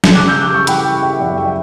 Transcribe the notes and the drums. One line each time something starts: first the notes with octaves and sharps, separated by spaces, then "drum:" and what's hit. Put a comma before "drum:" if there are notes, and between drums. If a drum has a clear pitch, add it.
drum: snare
C#3 D6 F#6
E6 G6
G3 D6 F#6
C#6 E6
E3 G5 B5, drum: hi-hat
G3
E5 G5
F#2 D5 F#5
E5 G5